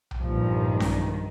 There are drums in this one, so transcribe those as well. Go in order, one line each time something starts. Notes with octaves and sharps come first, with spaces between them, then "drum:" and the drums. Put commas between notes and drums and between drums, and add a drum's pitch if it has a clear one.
drum: tom B1
G2 A#2 D#3 F3
B1, drum: snare C#4